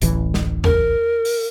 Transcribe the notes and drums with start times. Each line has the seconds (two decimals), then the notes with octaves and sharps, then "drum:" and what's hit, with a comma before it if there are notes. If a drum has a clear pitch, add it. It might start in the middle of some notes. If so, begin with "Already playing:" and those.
0.02 D1 A1 E3, drum: hi-hat
0.34 drum: snare
0.64 A#4, drum: tom E2
1.25 drum: open hi-hat